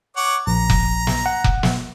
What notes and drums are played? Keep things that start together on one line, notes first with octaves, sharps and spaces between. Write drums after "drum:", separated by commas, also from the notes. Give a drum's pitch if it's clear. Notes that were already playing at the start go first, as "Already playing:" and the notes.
C#5 F#5 D6
A#1 A#5
drum: kick F1
drum: snare
F#5
drum: kick F1
drum: snare